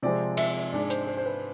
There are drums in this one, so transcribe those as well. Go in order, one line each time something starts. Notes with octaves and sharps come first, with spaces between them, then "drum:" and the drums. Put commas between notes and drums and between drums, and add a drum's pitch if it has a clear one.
C3 F3 G#3 C4 D5
E5, drum: cymbal
G#2 G#3 D4 D5
C5, drum: hi-hat
C5
C5
B4